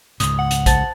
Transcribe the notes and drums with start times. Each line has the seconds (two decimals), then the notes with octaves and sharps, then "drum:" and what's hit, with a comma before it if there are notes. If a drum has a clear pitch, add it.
0.20 C#2 G#2 D#6, drum: hi-hat
0.39 F#5
0.51 drum: hi-hat
0.66 C5 A5 A6, drum: kick A#1, hi-hat